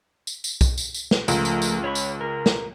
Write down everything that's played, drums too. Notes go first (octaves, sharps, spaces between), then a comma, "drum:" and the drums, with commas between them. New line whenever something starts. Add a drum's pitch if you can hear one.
drum: tambourine
drum: tambourine
drum: kick B1, tambourine
drum: tambourine
drum: tambourine
drum: snare
C#2 F3 A3 A#4, drum: tambourine
drum: tambourine
drum: tambourine
C#5 B5 C#6
drum: tambourine
A#4
drum: snare